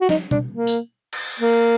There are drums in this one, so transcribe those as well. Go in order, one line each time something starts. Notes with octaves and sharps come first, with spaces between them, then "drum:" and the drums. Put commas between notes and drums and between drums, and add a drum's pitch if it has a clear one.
F#4
D#4, drum: snare
D4, drum: tom
A#3
drum: tambourine
drum: cymbal
A#3